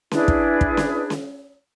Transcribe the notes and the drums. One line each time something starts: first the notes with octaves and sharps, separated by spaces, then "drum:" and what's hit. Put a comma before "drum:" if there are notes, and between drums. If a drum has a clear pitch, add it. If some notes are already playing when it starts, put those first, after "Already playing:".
D4 E4 G#4 B4, drum: snare C#4
drum: kick
drum: kick
drum: snare C#4
drum: snare C#4